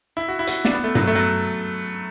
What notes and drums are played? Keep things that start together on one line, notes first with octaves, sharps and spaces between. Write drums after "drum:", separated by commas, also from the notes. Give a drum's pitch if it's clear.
E4
F#4
E4
F#4, drum: hi-hat
D4, drum: snare
B3
A3
F#3, drum: tom G2
A3
F#3